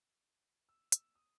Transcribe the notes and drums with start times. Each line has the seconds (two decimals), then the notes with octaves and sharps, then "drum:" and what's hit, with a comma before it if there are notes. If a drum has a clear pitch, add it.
0.69 E6
0.92 E6, drum: hi-hat
1.15 D#6